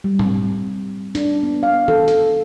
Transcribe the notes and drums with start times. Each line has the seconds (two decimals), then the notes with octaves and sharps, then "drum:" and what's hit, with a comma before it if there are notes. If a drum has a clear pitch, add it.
0.04 G3
0.19 C4, drum: tom G#2
1.15 D4, drum: hi-hat
1.43 B3
1.63 F5
1.88 A4, drum: tom D#3
2.08 A4, drum: hi-hat